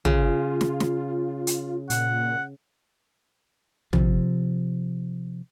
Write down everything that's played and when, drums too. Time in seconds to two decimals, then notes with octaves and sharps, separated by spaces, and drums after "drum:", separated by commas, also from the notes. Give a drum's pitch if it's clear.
0.05 C#3 F4, drum: tom
0.61 drum: snare
0.80 drum: snare
1.47 drum: hi-hat
1.90 A#2 F#5, drum: hi-hat
3.93 C3 F3, drum: tom